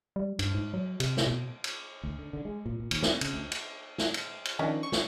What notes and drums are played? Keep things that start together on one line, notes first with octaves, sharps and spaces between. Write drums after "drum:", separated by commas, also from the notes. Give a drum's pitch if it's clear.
G3
G2, drum: cymbal
G#2
F#3
C3, drum: cymbal
drum: snare
B2
drum: cymbal
D2
D3
D3
G#3
A#2
A#2
D#2, drum: cymbal
C4, drum: snare
C#3, drum: cymbal
D2
drum: cymbal
drum: snare
drum: cymbal
drum: cymbal
D#3 F3 C#4 D4 D#5
C#6
drum: snare